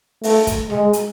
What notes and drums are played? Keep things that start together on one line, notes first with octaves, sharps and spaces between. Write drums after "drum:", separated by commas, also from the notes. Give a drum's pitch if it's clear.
A3, drum: open hi-hat
drum: kick, hi-hat
G#3, drum: snare
drum: hi-hat